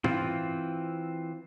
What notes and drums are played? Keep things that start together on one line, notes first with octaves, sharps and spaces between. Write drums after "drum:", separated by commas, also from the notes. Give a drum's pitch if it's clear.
E3 C4 F4, drum: tom